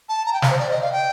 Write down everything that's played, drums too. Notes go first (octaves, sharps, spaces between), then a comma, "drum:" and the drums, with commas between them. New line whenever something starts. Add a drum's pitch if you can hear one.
A5
A#5
G5
F5, drum: snare
C5
D5
D#5
F5
G5